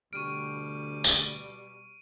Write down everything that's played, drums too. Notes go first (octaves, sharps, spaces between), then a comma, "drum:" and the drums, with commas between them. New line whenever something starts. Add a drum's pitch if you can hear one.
D2 B2 G3 C#6 F6 D7 D#7
drum: tambourine